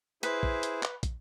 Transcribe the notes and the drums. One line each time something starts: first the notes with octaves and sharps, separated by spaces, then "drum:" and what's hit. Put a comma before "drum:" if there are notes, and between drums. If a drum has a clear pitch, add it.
E4 G#4 B4 C5, drum: hi-hat
drum: kick
drum: hi-hat
drum: clap
drum: kick, hi-hat